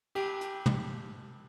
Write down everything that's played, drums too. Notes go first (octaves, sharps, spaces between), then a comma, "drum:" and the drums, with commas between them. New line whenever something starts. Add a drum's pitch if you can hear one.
G4, drum: cymbal
drum: hi-hat
drum: tom